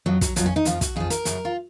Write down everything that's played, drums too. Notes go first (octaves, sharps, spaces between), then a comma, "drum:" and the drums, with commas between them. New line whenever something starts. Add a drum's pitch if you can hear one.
F2 F3 F#3
F#3, drum: kick, hi-hat
F2 F3 F#3, drum: hi-hat
C#4
D#4
F2 F3 F4, drum: hi-hat
F#4, drum: kick, hi-hat
F2 F3 G#4
A#4, drum: hi-hat
F#2 C#3 F#3, drum: hi-hat
F4